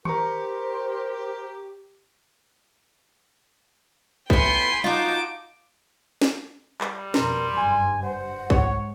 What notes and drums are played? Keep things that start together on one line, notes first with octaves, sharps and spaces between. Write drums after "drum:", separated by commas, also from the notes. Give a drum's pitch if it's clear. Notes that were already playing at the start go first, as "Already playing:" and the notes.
G4 A#4 C5 A#5 C#6, drum: tom D#3
A2 B3 G5 G#5 B5 C6, drum: kick A#1
D#4 F4 F#4 A5 D6, drum: tom
drum: snare
G3, drum: clap
F2 B2 A#4 C6, drum: snare
F#1 G2 G#5
C5 F#5
G#2 C#5, drum: kick A#1